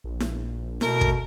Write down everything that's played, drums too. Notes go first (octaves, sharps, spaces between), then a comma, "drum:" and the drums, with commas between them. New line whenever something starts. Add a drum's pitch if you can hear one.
A#1
drum: snare E4
B2 A3 A#4, drum: snare E4
drum: kick